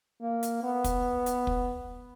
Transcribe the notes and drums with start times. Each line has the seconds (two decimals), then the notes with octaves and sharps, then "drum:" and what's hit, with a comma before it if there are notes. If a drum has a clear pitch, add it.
0.22 A#3
0.43 drum: hi-hat
0.63 B3
0.84 drum: kick, hi-hat
1.26 drum: hi-hat
1.47 drum: kick